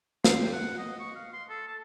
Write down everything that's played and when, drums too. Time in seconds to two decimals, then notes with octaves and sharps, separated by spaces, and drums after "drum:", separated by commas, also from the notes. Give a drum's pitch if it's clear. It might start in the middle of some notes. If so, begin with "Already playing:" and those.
0.24 C6, drum: snare
0.41 G5
0.53 F#5
0.78 D#5
0.99 C#6
1.15 F5
1.33 C6
1.49 A4
1.68 A5